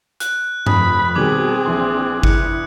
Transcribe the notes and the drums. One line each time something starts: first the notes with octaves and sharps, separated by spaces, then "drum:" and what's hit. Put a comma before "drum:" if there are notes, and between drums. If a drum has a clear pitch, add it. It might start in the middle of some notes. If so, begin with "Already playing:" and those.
F#6, drum: hi-hat
F1 F2 B5 D#6, drum: tom G2
B2 D#3 G3 C4 G#4 D6 G#6 F#7
A#1 E3 C6
E4 F#6 C#7, drum: kick G1